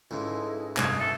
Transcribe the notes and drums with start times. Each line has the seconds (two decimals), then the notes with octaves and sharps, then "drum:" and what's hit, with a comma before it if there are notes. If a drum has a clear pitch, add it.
0.11 C#2 G#2 E4 A4 D#5
0.77 F1 G2 G#5 D#6 C7, drum: clap
0.99 A4 E5